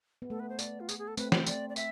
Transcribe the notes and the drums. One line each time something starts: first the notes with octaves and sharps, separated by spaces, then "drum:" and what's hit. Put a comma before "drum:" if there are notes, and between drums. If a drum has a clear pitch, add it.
B3
A3 A4
B4
C5
D5, drum: tambourine
F4
G#4, drum: tambourine
G#4
A4
A3 C4 B4, drum: tambourine
A3 C4 C5, drum: snare
D5, drum: tambourine
D5
E5, drum: tambourine